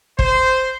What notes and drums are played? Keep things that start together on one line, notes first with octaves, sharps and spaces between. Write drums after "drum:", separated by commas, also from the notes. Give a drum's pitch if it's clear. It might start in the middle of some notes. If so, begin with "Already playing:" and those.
C5, drum: kick